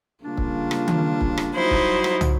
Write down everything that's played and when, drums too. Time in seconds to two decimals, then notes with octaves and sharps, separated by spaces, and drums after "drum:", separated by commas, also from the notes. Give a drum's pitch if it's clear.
0.24 C#3 G3 A#3 D4 F4
0.38 drum: kick
0.71 drum: rim click
0.88 drum: tom D#3
1.21 drum: kick
1.37 drum: rim click
1.54 F#3 G3 D#4 E4 C5
1.71 drum: kick
2.04 drum: rim click
2.21 drum: tom